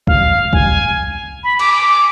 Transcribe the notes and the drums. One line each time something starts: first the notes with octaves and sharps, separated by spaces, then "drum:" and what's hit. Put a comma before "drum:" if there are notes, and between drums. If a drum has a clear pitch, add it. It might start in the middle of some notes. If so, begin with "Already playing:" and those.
F5, drum: kick C2
G#5, drum: kick C2
B5
D6, drum: cymbal
D6
D6